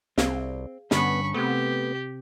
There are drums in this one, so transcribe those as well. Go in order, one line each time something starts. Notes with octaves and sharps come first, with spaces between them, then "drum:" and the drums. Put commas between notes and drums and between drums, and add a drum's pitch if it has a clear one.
C2 C4 G#4 F5, drum: snare
G2 D3 B3 C#4 B5 C#6, drum: snare
C3 A3 B3 C4 G4